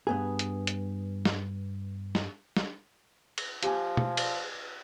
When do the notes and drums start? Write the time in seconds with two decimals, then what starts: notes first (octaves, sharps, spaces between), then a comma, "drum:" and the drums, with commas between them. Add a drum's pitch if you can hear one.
0.07 G2 B3 G#4
0.39 drum: hi-hat
0.67 drum: hi-hat
1.25 drum: snare
2.15 drum: snare
2.57 drum: snare
3.38 drum: cymbal
3.63 F3 G4 G#5, drum: hi-hat
3.97 drum: tom B2
4.17 drum: cymbal